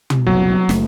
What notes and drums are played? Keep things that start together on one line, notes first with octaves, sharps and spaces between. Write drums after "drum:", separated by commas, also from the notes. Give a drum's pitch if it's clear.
drum: tom
F#1 C2 B2 F#3
F#1 A3, drum: snare